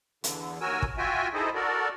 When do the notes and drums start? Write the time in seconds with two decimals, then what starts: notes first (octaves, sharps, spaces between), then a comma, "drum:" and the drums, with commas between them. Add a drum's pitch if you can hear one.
0.24 E2 D3, drum: hi-hat
0.61 D#2 F#3 F#4 A#4 G#5 E6
0.82 drum: kick
0.98 F4 F#4 E5 G5 G#5
1.34 D#4 E4 G#4 A4 C5 D#5
1.55 F#4 A4 A#4 D5